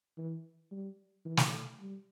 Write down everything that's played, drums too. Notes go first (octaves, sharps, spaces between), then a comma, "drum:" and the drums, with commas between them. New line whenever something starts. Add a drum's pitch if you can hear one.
E3
G3
E3
drum: snare
G3